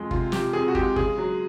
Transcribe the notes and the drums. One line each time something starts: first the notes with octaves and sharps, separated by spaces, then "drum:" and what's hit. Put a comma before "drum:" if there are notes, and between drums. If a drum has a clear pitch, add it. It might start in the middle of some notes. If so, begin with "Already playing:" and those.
Already playing: F2 C3 F3 G#3
C3 F4, drum: kick
F3 G4, drum: snare
F2 G#4
F#4
G#3 G4, drum: kick
C#3 G#4, drum: kick
F#3